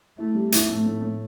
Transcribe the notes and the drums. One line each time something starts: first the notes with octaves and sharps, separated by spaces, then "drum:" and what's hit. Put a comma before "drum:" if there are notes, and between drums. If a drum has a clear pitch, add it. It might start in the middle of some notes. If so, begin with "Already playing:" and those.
A3 E4
G3
E4, drum: hi-hat
A2 A3
A2
A2